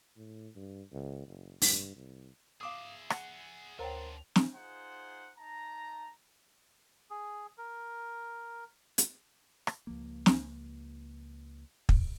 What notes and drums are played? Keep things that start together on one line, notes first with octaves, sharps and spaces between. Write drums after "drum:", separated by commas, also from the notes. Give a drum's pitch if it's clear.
A2
G2
C#2
F#1
G2, drum: open hi-hat
C2
G#4 E5 F5 D6 D#6
F#5, drum: rim click
D2 D4 F4 A#4 C5 C#5 G5 A#5
drum: snare
D#4 F4 G#4 C5 F#5
D#4 A5 A#5
G#4
A#4
drum: hi-hat
drum: rim click
C#2 F3 A#3
drum: snare
drum: kick